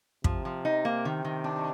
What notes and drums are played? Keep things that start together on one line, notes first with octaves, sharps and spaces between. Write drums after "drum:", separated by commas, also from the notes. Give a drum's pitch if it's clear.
C3 F3, drum: kick
F3
D#4
A#3
D#3
D#3
D4